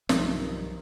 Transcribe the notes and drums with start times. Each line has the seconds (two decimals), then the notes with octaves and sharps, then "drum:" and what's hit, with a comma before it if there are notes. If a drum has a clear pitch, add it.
0.09 B1 G2 D#3 F3 D#4, drum: snare